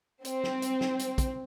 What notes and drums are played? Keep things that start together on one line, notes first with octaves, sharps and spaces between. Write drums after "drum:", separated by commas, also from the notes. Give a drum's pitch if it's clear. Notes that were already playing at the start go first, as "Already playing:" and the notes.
C4, drum: hi-hat
drum: snare
drum: hi-hat
drum: snare
drum: hi-hat
drum: kick, hi-hat